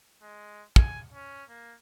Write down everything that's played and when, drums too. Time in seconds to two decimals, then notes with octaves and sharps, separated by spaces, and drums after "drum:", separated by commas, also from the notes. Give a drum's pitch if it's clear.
0.22 G#3
0.76 G#5, drum: kick
1.12 C#4
1.49 A#3